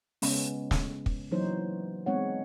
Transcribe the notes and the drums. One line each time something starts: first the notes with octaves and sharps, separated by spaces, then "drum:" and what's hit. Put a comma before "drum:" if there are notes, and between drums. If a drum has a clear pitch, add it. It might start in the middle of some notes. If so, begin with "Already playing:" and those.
C#3 G#3 B3 C#4, drum: open hi-hat
drum: snare
drum: kick
E3 F#3 A#3 D#4 C5 C#5
G#3 B3 C4 D#4 C#5 F#5